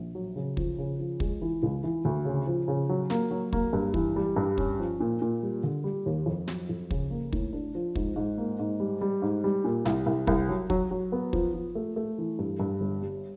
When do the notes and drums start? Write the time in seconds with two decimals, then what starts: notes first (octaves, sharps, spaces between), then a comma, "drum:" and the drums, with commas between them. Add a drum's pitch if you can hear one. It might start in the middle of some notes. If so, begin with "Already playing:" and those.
Already playing: A#1
0.15 F#3
0.36 C#3
0.57 F3, drum: kick
0.78 C#3
0.99 F3
1.20 G#3, drum: kick
1.42 E3
1.63 C#2
1.83 E3
2.05 D2
2.25 C#3
2.47 F3
2.68 C#3
2.89 F#3
3.10 A#3, drum: snare
3.31 F#3
3.53 A#3, drum: kick
3.73 G2
3.94 E3, drum: kick
4.16 G3
4.36 G2
4.58 C#4, drum: kick
4.79 F3
5.00 A#2
5.22 A#2
5.43 G3
5.63 D3
5.84 G3
6.06 D#2
6.26 F2
6.48 F#3, drum: snare
6.69 F2
6.91 C#3, drum: kick
7.11 A#3
7.33 A2, drum: kick
7.53 D4
7.75 F3
7.95 G#2, drum: kick
8.16 G#2
8.38 A#3
8.59 G#2
8.80 G3
9.01 G3
9.22 G#2
9.44 G3
9.64 A#2
9.85 C2, drum: snare
10.06 C2
10.27 C2, drum: kick
10.49 F#3
10.70 F#3, drum: kick
10.91 F#3
11.12 B3
11.33 F3, drum: kick
11.54 F3
11.75 A3
11.96 A3
12.18 E3
12.39 G2
12.60 G2
12.81 G1
13.02 G3